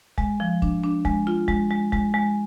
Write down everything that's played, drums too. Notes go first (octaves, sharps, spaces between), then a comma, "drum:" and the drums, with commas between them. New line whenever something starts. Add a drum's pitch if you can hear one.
G#3, drum: kick
F3
D4, drum: kick
D4
G#3, drum: kick
F4
G#3, drum: kick
G#3
G#3, drum: kick
G#3